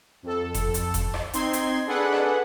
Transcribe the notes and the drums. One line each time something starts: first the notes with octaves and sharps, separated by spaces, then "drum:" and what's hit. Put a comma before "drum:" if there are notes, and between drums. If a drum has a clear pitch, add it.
F2 A4
drum: kick F1, hi-hat
drum: hi-hat
drum: kick F1, hi-hat
drum: rim click
C4 D#4 C6 G#6, drum: hi-hat
drum: hi-hat
D4 G#4 A4 B4 F#5
drum: rim click